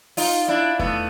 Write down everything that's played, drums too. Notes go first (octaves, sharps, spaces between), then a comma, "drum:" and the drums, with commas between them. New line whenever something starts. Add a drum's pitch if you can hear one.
D#4 F4, drum: open hi-hat
D4 E4
A3 B3, drum: kick E2